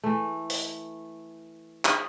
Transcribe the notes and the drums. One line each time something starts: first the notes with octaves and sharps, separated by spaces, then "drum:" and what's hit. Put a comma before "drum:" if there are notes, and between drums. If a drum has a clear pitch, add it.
E3 A3
drum: open hi-hat
drum: clap